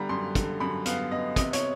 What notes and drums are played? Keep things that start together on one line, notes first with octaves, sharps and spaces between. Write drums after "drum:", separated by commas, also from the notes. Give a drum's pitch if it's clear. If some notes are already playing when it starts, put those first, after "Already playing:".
Already playing: D3 G3 B3 A#5 B5
F#2 C6
D3, drum: kick, hi-hat
F#2 B5
B3 F5, drum: hi-hat
B3 D#5
C3 D#5, drum: kick, hi-hat
C#5, drum: hi-hat